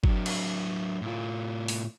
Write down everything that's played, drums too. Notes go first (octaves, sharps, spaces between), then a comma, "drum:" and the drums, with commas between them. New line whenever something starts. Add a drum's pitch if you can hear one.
F#3 D4, drum: kick G1
drum: cymbal
A2 F4
drum: open hi-hat